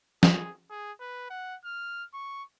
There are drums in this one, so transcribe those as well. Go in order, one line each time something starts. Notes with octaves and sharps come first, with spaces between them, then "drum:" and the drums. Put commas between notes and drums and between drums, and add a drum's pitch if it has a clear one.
G#4, drum: snare
G#4
B4
F#5
F6
C#6